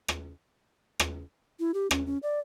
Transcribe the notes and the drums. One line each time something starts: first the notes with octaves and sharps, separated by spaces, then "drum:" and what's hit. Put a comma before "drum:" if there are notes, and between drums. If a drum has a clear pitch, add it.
drum: rim click
drum: rim click
E4
G4
C#4, drum: rim click
C#4
D5